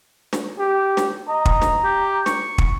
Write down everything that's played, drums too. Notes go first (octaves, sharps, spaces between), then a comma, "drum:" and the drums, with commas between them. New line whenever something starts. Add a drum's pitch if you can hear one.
drum: snare
G4
drum: snare
D#5 A#5
drum: kick
drum: snare
G4
C#6, drum: snare
drum: kick